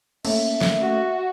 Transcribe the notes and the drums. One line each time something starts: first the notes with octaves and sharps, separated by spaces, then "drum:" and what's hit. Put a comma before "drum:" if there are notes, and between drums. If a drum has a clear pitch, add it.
A3 A#3 C#4 E5, drum: cymbal
drum: snare
F#4 F#5